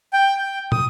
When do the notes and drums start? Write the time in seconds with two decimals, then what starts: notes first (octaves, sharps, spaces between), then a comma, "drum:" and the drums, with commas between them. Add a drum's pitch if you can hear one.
0.13 G5
0.38 G5
0.72 D#6, drum: tom